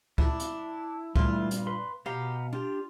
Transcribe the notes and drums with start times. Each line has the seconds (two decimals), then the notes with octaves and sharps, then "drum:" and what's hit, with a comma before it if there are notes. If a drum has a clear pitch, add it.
0.18 D4 E4, drum: kick
0.39 drum: hi-hat
1.16 G2 A#2 E3 G3 A3 E4 F4, drum: kick
1.51 drum: hi-hat
1.67 B4 C6
2.06 B2 B3 G4 F5 A#5
2.53 D4 F4 G4